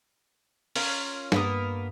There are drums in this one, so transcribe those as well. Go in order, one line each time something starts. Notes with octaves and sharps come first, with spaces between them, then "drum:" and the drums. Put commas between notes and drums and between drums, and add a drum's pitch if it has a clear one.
C#4 F4 A#4, drum: open hi-hat
G2 A#3 B3 A#4 D#6, drum: snare